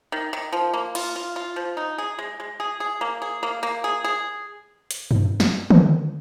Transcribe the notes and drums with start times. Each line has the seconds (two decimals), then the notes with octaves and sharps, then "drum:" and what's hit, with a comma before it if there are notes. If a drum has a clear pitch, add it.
0.12 D#3
0.33 D#3
0.52 F3
0.74 A#3
0.95 F4, drum: cymbal
1.16 F4
1.36 F4
1.56 F3
1.77 D#4
1.98 G#4
2.19 G#3
2.40 G#3
2.60 G#4
2.80 G#4
3.01 A#3
3.22 G#4
3.43 A#3
3.63 A#3
3.84 G#4
4.04 G#4
4.91 drum: hi-hat
5.11 drum: tom
5.40 drum: snare
5.70 drum: tom